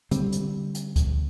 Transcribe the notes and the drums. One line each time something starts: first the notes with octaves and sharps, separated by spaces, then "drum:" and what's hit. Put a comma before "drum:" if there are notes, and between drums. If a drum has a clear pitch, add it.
D3 G3 C4, drum: hi-hat
drum: hi-hat
drum: hi-hat
drum: kick C#2, hi-hat